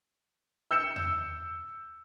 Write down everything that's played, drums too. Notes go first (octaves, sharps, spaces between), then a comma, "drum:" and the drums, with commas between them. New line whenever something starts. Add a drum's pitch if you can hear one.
E6 G6 C#7 E7
drum: tom E2